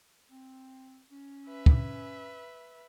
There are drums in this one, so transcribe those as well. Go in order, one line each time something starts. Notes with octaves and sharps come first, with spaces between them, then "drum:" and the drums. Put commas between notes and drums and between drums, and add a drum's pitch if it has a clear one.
C4
C#4
B4 E5
drum: kick